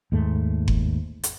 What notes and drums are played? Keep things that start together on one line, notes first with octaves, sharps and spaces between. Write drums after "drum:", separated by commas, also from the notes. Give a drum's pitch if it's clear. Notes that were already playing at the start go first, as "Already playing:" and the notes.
D#2 G#2 A3
drum: kick F#1
drum: hi-hat